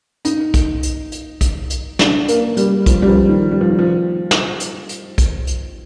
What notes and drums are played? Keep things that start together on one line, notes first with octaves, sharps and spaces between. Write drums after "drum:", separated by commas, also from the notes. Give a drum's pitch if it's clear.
D#4, drum: hi-hat
drum: kick B1, hi-hat
drum: hi-hat
drum: hi-hat
drum: kick B1, hi-hat
drum: hi-hat
D4, drum: snare
A#3, drum: hi-hat
G3, drum: hi-hat
F3, drum: kick B1, hi-hat
G3
F3
D#3
G3
F3
D#3
F3
drum: snare
drum: hi-hat
drum: hi-hat
drum: kick B1, hi-hat
drum: hi-hat